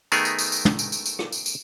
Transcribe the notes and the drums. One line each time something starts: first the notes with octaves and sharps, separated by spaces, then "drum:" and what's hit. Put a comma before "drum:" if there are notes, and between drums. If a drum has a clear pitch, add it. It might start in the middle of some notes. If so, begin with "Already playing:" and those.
D#3 A3 B3 D#4 G#4 A#4, drum: tambourine
drum: tambourine
drum: tambourine
drum: tambourine
drum: tom
drum: tambourine
drum: tambourine
drum: tambourine
drum: rim click
drum: tambourine
drum: tambourine